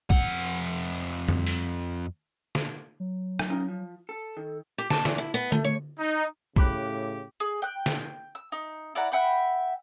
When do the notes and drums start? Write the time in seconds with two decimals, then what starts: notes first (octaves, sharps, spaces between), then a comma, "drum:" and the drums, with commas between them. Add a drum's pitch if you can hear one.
0.10 F2 F#5, drum: kick
1.28 drum: tom F2
1.47 drum: open hi-hat
2.55 drum: snare
3.00 F#3
3.39 drum: rim click
3.50 C#4 D#4 F4
3.68 F3
4.09 A4
4.37 D#3 A4
4.78 G4
4.90 A5, drum: snare
5.05 E2, drum: snare
5.18 E4
5.34 B3
5.52 A3, drum: tom D3
5.64 C#5
5.99 D#4
6.56 A2 C#3 G4 B5 D6 F#6, drum: kick
7.40 G#4
7.62 G5 F#6
7.86 drum: snare
8.35 E6
8.52 D#4
8.95 E4 D5 F#5 A#5
9.12 E5 F#5 G5 B5